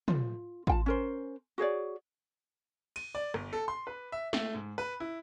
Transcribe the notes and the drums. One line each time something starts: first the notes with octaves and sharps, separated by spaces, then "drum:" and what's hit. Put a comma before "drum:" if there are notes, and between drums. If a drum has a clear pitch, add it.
F4, drum: tom
F4 G5 A5, drum: kick A1
C#4 A#4 C5
F#4 G#4 C#5 D5
D#7, drum: cymbal
D5
G1, drum: rim click
A4
C6
B4
E5
A3, drum: snare
G#2
B4
E4